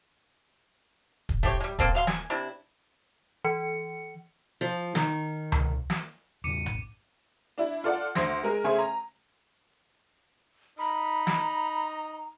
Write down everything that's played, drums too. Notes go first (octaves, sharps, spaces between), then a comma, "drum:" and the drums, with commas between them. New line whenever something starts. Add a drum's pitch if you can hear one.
drum: kick
A3 C4 G4 C#5, drum: kick
G3 G#3
A#3 C4 A4, drum: kick
F#3 F5 C6
G#5, drum: snare
C3 D4 E4
E3 C#7
F3
D#3, drum: snare
drum: tom C#2
drum: snare
E2 C#3 D6 C#7 D#7
E1 A1, drum: hi-hat
D4 E4
F4 A4 D5 F#5
D2 C5 A#6, drum: snare
G#3 A#4
C#3 A3 C#4 C5 G#5 C6
A#5
D#4 A#5 B5
drum: snare